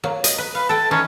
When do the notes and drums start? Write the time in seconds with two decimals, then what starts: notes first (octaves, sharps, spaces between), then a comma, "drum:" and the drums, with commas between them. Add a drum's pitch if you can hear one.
0.04 F#3 A#3
0.24 D#5, drum: hi-hat
0.38 B4
0.55 B4 F5
0.69 A4 G5 A5
0.91 E3 C#4 D#4